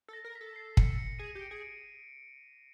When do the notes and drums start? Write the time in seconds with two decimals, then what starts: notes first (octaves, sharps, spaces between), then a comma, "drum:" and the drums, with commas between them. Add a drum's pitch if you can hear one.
0.08 A4 A#6
0.24 A#4
0.35 B6
0.41 A4
0.56 C7
0.77 C#7, drum: kick
0.98 C#7
1.19 G#4 D#7
1.35 G4
1.41 D7
1.51 G#4
1.61 D7